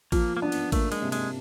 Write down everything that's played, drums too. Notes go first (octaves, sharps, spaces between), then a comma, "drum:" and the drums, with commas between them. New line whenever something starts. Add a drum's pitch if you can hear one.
F3 A#3, drum: kick A1, cymbal
A#3
B3 D4
drum: cymbal
A3 A#3, drum: kick A1, cymbal
G#3, drum: cymbal
C3
G#3, drum: cymbal